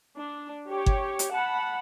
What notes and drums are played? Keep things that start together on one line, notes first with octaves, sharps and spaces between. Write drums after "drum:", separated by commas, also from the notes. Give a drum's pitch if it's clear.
D4
G4 C#5
drum: kick G1
drum: hi-hat
F#5 A5 B5